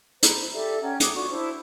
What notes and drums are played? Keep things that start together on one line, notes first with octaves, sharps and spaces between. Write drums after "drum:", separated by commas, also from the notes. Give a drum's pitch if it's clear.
C5 A#5 B5, drum: hi-hat
G4 A4 D5 E5
C#4 F#5 G5 A#5
D6 D#6, drum: hi-hat
F4 F#4 D5 C#6
D4 E4 C5